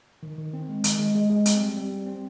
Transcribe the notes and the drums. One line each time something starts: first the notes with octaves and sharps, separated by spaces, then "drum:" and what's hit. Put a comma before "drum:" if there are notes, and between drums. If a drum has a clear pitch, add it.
D#3
D#3
C4
G#3
D#3, drum: hi-hat
G#3
G#3
G#3
C4, drum: hi-hat
G3
G3
C4
C4